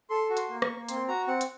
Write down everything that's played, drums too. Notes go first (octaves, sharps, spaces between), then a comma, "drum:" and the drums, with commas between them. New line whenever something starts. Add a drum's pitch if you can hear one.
A4 C6
F#4
C6, drum: hi-hat
A#3
C#6, drum: rim click
A#3
C4 C6, drum: hi-hat
F#4 A#5
C4 F#5
drum: hi-hat